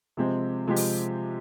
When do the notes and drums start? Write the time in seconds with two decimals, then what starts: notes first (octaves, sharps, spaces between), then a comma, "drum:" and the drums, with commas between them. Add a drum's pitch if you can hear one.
0.17 C3 F3 G#3 C4 G4
0.67 C3 F3 G#3 C4 G4
0.76 drum: open hi-hat